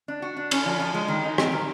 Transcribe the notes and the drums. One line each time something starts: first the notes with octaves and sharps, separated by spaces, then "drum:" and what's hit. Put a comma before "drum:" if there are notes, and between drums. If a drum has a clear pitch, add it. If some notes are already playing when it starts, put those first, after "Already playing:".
D4
F#4
D4
C#4, drum: cymbal
F3
F3
G#3
D#3
D#4
C4, drum: rim click
D#3